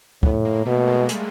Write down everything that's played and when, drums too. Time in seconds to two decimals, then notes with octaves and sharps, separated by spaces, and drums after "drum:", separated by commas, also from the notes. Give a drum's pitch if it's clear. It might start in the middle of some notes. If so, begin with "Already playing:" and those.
0.23 A2 B3, drum: kick
0.45 A#3
0.66 B2 A3
0.87 G#3
1.09 G3, drum: hi-hat